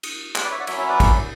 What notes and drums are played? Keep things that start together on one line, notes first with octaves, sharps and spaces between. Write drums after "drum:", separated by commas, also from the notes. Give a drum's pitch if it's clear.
drum: cymbal
G4, drum: clap
B4 D5
C#5 E5
D5 F#5
F#3 C#4 E4 C#5 E5, drum: cymbal
C#5 E5
B4 D5
drum: kick, cymbal